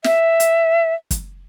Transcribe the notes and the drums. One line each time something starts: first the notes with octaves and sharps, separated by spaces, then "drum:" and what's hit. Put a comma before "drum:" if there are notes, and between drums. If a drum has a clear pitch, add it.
E5, drum: snare
drum: hi-hat
drum: kick, hi-hat